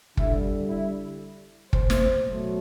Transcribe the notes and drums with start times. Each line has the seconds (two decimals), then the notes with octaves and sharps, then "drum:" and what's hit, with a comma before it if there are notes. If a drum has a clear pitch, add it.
0.17 D3 G3 E4, drum: kick
0.69 E4
1.73 C5, drum: kick
1.90 drum: snare
2.25 B2 F#3 A3